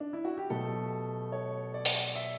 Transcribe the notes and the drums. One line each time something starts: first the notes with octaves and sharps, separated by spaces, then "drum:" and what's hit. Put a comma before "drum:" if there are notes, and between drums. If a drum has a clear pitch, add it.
D4
E4
F#4
G4
B2 F#3 A3 A4
C#5
D5
drum: open hi-hat
E5